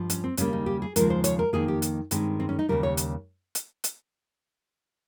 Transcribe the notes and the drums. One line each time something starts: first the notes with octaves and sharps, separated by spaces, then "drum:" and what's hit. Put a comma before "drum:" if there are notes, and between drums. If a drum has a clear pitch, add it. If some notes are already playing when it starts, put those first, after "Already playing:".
Already playing: G2 F3
C#4, drum: hi-hat
C4
D#2 C#3 G3 A#3 C#4, drum: hi-hat
D#4
G4
G#4
D#2 C#3 F3 G#3 A#4, drum: hi-hat
C5
C#5, drum: hi-hat
A#4
F2 D#3 A#3 G#4
G4
drum: hi-hat
G2 D#3 G#3 C4, drum: hi-hat
C4
C#4
D#4
D#2 C#3 G3 A#4
C#5
drum: hi-hat
drum: hi-hat
drum: hi-hat